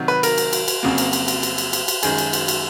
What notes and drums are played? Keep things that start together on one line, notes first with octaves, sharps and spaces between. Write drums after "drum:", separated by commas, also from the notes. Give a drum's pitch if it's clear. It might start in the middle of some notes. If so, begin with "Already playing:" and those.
Already playing: C3 D#3 F#3
B4
A#4, drum: cymbal
drum: cymbal
drum: cymbal
drum: cymbal
F2 C#3 F#3 A#3
drum: cymbal
drum: cymbal
drum: cymbal
drum: cymbal
drum: cymbal
drum: cymbal
drum: cymbal
F#2 D#3 G#3 G#4, drum: cymbal
drum: cymbal
drum: cymbal
drum: cymbal